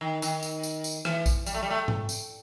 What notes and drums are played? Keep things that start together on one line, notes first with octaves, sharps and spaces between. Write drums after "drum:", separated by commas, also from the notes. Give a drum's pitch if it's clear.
D#3
D#3, drum: tambourine
drum: tambourine
drum: tambourine
drum: tambourine
E3, drum: rim click
drum: kick A#1, tambourine
G3, drum: tambourine
A3
G3
A3
drum: tom G#2
drum: tambourine